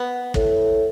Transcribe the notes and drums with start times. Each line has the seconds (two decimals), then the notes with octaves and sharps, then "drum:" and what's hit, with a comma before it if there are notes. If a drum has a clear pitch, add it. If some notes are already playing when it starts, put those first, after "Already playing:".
Already playing: B3
0.34 A2, drum: kick